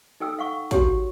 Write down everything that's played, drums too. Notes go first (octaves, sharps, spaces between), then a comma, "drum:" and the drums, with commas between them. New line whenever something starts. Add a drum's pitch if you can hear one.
D#4 A4 G5 E6
F5 F#5 C#6
F#4 G4 C#5, drum: kick, hi-hat